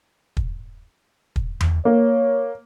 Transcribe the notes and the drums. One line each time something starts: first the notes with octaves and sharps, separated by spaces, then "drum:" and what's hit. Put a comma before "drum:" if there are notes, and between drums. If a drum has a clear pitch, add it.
drum: kick
drum: kick
drum: tom E2
A#3 C#5